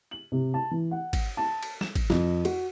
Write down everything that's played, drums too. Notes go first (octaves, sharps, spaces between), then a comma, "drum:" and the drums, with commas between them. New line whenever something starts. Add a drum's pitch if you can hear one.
F#7
C3
A5
E3
F#5
drum: kick, cymbal
A5
drum: cymbal
E7, drum: snare
drum: kick, cymbal
F2, drum: snare
F#4, drum: cymbal